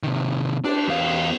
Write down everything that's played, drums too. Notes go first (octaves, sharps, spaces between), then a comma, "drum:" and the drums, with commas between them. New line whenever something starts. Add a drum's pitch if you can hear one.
C3 D#3
D4, drum: cymbal
E2 F5